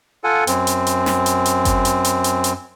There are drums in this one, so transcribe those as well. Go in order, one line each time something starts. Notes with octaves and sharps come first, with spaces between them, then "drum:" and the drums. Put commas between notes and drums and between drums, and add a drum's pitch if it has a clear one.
F4 A4 F#5 G#5
F#2 C4, drum: hi-hat
drum: hi-hat
drum: hi-hat
drum: snare
drum: hi-hat
drum: hi-hat
drum: kick G1, hi-hat
drum: hi-hat
drum: hi-hat
drum: hi-hat
drum: hi-hat